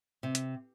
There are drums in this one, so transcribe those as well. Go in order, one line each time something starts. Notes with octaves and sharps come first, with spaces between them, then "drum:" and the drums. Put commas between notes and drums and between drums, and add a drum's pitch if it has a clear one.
C3
drum: hi-hat